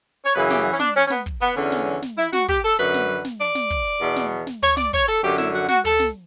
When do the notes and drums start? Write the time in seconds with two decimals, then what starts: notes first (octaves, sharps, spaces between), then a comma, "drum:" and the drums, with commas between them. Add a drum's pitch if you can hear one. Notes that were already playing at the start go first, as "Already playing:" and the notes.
0.25 C#5
0.34 F#2 C#3 E3 B4, drum: hi-hat
0.50 G4, drum: snare
0.64 F#4, drum: hi-hat
0.73 C#4
0.80 D4, drum: snare
0.96 C#4
1.07 C#4
1.10 B3, drum: snare
1.26 drum: kick, hi-hat
1.41 B3, drum: hi-hat
1.56 E2 D3 C#4, drum: hi-hat
1.72 drum: snare
1.87 drum: hi-hat
2.02 drum: snare
2.17 E4
2.33 F#4, drum: snare
2.48 G4, drum: kick, hi-hat
2.64 A4, drum: hi-hat
2.78 F#2 D3 B4, drum: hi-hat
2.94 drum: snare
3.09 drum: hi-hat
3.25 drum: snare
3.40 D5
3.55 drum: snare
3.70 drum: kick, hi-hat
3.86 drum: hi-hat
4.01 E2 B2, drum: hi-hat
4.16 drum: snare
4.31 drum: hi-hat
4.47 drum: snare
4.63 C#5, drum: tom
4.77 D5, drum: snare
4.93 C#5, drum: kick, hi-hat
5.08 A4, drum: hi-hat
5.23 F#2 D3 G4, drum: hi-hat
5.38 E4, drum: snare
5.54 F#4, drum: hi-hat
5.68 F#4, drum: snare
5.85 A4, drum: tom
5.99 drum: snare